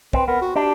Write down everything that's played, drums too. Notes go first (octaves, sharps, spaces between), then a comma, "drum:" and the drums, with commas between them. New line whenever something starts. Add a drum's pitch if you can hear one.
C4 B4, drum: kick
B3 A#4
F#4
D4 G4